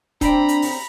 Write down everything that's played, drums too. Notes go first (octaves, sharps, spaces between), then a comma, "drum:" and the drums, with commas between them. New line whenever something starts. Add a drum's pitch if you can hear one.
C4 D4 D5 A#5 B5, drum: kick D#1, hi-hat
drum: hi-hat
drum: open hi-hat